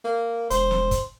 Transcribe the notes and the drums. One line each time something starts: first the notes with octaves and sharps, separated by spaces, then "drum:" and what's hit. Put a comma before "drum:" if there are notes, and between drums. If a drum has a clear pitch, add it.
A#3
E1 C5, drum: hi-hat
drum: snare
drum: kick, hi-hat